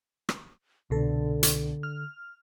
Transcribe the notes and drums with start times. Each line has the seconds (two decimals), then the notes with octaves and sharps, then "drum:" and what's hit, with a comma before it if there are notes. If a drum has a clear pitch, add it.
0.29 drum: rim click
0.90 C2 B2 D3 A4
1.43 drum: hi-hat
1.83 F6